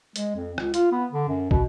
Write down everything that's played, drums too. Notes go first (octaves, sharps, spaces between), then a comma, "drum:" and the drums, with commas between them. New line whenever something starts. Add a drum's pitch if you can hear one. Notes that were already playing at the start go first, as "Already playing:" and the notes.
G#3, drum: hi-hat
F2
C#2, drum: rim click
F4, drum: hi-hat
B3
D3
F#2
B2, drum: kick